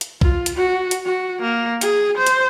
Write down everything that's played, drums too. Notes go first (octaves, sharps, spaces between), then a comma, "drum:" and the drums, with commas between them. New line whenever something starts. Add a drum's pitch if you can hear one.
drum: hi-hat
F4, drum: kick B1
drum: hi-hat
F#4
drum: hi-hat
F#4
A#3
G#4, drum: hi-hat
C5
drum: hi-hat